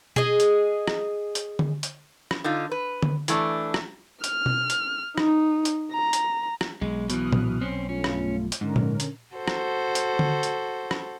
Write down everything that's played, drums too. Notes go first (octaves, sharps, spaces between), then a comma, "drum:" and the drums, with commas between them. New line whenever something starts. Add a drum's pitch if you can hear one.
G#4 D#5, drum: tom B2
drum: hi-hat
drum: rim click
drum: hi-hat
drum: tom D3
drum: hi-hat
drum: rim click
D3 D#4 F4
B4
drum: tom D3
E3 A3 D4, drum: hi-hat
drum: rim click
F6, drum: hi-hat
drum: tom B2
drum: hi-hat
D#4, drum: rim click
drum: hi-hat
A#5
drum: hi-hat
drum: rim click
B1 G#3
B2 E3 D#6 F6 F#6, drum: hi-hat
drum: tom A#2
C4 C#4
G2 A3 C#4 F4
drum: rim click
drum: hi-hat
G#2 D3 C#4 A#4
drum: tom A#2
drum: hi-hat
F#4 A4 C5
drum: rim click
drum: hi-hat
drum: tom D3
drum: hi-hat
drum: rim click